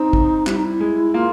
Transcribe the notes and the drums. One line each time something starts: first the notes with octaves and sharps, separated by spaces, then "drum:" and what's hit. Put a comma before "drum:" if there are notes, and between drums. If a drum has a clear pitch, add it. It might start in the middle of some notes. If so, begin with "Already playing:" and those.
Already playing: C4 D#4
drum: kick
G3 E4, drum: clap
D#4
E4
G#3
A#3 F4